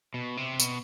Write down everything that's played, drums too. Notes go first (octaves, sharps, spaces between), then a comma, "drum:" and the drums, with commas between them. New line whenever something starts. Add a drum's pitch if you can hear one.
B2
C3
B2, drum: tambourine